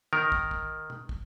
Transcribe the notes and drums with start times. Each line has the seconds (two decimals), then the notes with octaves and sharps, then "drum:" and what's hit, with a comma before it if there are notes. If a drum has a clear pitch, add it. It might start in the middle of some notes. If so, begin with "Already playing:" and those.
0.13 D#3 A#4, drum: tom D3
0.32 drum: kick
0.51 drum: kick
0.90 drum: tom B2
1.09 drum: kick